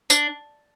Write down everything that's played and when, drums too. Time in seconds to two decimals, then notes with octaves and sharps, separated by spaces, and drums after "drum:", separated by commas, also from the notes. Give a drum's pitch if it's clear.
0.10 D4, drum: tambourine